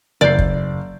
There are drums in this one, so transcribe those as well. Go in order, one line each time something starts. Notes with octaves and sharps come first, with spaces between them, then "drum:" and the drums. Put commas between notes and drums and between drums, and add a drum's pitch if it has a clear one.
F#1 D5 G6 C7
drum: kick